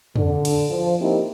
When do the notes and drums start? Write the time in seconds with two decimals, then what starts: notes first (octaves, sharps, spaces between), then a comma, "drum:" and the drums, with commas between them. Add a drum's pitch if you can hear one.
0.16 D3, drum: tom
0.45 drum: cymbal
0.69 F3
1.00 A#3 C4 D#4 E4 G4